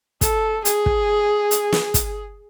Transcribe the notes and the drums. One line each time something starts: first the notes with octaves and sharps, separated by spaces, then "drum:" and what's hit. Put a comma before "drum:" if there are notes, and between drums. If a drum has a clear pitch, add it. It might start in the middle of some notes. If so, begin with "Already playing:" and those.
A4, drum: kick, hi-hat
G#4, drum: hi-hat
drum: kick
drum: hi-hat
drum: snare
drum: kick, hi-hat